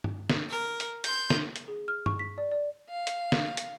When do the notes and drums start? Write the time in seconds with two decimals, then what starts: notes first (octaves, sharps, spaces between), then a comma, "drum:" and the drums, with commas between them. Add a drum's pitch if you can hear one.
0.04 drum: tom G2
0.30 drum: snare
0.49 A#4
0.80 drum: hi-hat
1.04 C6 G6, drum: hi-hat
1.30 drum: snare
1.56 drum: hi-hat
1.68 G#4
1.88 F6
2.06 C#6, drum: tom G2
2.19 B6
2.38 D5
2.52 D5
2.90 F5
3.07 drum: hi-hat
3.32 drum: snare
3.57 drum: hi-hat